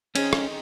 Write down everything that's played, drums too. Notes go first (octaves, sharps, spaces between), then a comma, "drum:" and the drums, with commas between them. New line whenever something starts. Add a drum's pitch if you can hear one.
D#3 G#3 C4 C#4 D#4, drum: cymbal
drum: rim click